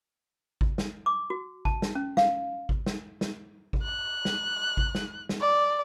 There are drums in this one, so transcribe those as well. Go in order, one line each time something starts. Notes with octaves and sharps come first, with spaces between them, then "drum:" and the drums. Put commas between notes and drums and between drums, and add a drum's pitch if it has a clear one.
drum: kick G#1
drum: snare
D6
F#4
A5, drum: kick G#1
drum: snare
C#4
F5, drum: snare
drum: kick G#1
drum: snare
drum: snare
drum: kick G#1
F#6
drum: snare
drum: kick G#1
drum: snare
drum: snare
D5